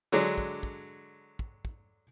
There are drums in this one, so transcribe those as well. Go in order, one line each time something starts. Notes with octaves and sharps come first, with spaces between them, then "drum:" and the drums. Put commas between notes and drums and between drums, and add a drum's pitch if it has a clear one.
D3 F#3 G#3 D4
drum: kick
drum: kick
drum: kick
drum: kick